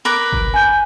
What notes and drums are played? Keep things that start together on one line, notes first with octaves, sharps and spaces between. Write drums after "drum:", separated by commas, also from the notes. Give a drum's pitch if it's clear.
A#4 B4 D6
drum: kick G1
G#5 G6